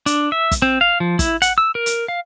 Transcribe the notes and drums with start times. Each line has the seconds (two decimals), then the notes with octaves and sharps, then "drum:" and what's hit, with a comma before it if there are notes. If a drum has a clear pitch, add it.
0.06 D4, drum: hi-hat
0.32 E5
0.51 drum: kick, hi-hat
0.62 C4
0.81 F5
1.00 F3
1.19 E4, drum: kick, hi-hat
1.42 F#5, drum: hi-hat
1.58 E6
1.75 A#4
1.86 drum: hi-hat
2.08 F5